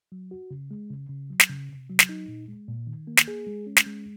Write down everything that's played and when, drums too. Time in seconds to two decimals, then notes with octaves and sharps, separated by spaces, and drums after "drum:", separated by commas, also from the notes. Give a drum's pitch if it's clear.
0.12 F#3
0.31 F#4
0.51 C#3
0.71 G#3
0.90 C#3
1.09 C#3
1.30 F#3
1.40 drum: snare
1.49 C#3
1.69 C3
1.90 F#3
1.99 drum: snare
2.09 D#4
2.28 A#2
2.48 G#3
2.68 A#2
2.87 D#3
3.07 A#3
3.17 drum: snare
3.28 G#4
3.47 G#3
3.67 C#4
3.77 drum: snare
3.86 G#3